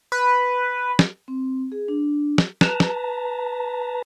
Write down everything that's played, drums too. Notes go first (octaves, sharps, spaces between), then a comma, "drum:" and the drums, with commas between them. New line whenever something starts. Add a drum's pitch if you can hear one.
B4
drum: snare
C4
G#4
D4
drum: snare
B4 A5 A#5, drum: snare
drum: snare